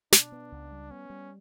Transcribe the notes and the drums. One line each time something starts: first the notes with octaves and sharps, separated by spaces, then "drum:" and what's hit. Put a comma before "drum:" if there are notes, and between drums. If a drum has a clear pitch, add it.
B2 D4, drum: snare
B3
C#2
G3
B3 C#4
G3